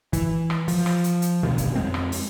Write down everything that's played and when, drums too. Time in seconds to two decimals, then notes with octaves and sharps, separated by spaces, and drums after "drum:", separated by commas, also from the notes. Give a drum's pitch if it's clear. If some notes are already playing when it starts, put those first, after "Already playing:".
0.13 E3, drum: kick, hi-hat
0.50 drum: rim click
0.68 F3, drum: open hi-hat
0.86 drum: rim click
1.04 drum: hi-hat
1.22 drum: hi-hat
1.43 G2 B2 D#3
1.58 drum: kick, hi-hat
1.75 F2 G#3 C4
1.94 drum: rim click
2.12 drum: open hi-hat